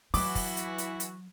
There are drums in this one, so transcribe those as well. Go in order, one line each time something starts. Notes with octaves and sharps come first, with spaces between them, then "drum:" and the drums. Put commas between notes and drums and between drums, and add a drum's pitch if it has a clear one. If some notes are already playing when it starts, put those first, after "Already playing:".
E3 F#3 E4 F#4 D6, drum: open hi-hat
drum: kick, open hi-hat
drum: hi-hat
drum: hi-hat
drum: hi-hat